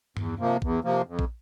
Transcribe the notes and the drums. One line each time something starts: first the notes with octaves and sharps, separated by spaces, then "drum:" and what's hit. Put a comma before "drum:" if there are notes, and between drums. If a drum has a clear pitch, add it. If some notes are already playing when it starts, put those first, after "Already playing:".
E2, drum: tom G2
C3 F3 A#3
E2, drum: kick A#1
C3 F3 A#3
F2
drum: kick A#1